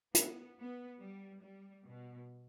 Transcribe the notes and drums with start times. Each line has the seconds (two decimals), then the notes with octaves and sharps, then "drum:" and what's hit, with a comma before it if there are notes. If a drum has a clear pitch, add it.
0.15 B3, drum: hi-hat
0.57 B3
1.00 G3
1.42 G3
1.85 B2